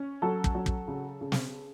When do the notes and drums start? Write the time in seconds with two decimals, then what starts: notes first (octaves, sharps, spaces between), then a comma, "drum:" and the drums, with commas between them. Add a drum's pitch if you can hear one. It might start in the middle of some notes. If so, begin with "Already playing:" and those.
Already playing: C#4
0.22 F#3 A4
0.44 drum: kick
0.54 F#3
0.66 drum: kick
0.88 C#3
1.21 C#3
1.32 drum: snare